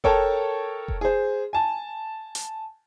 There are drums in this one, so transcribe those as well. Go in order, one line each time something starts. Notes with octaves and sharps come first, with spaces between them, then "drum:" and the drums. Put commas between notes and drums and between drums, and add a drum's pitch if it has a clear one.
A4 A#4 C#5 G5 A5, drum: kick F1
drum: kick F1
G#4 C5
G#5 A5
drum: hi-hat